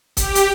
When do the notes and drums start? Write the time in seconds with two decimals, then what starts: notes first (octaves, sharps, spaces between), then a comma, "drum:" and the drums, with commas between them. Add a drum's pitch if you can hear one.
0.17 G4, drum: kick C#1, hi-hat
0.35 drum: hi-hat